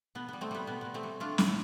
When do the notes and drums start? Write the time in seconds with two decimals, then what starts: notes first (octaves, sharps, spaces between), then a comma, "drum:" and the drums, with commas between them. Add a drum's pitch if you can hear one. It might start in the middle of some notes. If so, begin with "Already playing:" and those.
0.15 B2 B3
0.28 G3 B3
0.41 A3 C4
0.51 G3 B3
0.67 B2 B3
0.81 B2 B3
0.94 A3 C4
1.03 G3
1.20 A3 D4 F4
1.38 A2, drum: snare